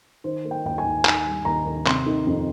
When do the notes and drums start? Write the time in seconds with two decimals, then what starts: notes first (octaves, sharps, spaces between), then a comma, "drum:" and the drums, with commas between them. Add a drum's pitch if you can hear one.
0.24 D#3 C5
0.44 A#3
0.51 G5
0.65 D#2 G5
0.78 G#5
0.85 D#2
1.05 D#3 G#5, drum: clap
1.26 G3
1.45 D#2 A#5
1.65 D#2
1.86 C3 C6, drum: clap
2.06 D#3
2.27 F2